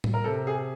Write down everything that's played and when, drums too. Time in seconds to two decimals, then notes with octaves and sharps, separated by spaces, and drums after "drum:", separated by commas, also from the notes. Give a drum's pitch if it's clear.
0.04 drum: tom A2
0.14 A#4
0.24 C3 A4
0.47 G#4